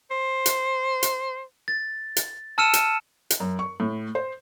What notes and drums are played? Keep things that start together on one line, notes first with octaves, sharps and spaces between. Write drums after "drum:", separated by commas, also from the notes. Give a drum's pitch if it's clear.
C5
drum: hi-hat
drum: hi-hat
A6
drum: hi-hat
A5 E6 F6 C#7 D#7 E7
drum: hi-hat
drum: hi-hat
F#2
C#6
A2
C5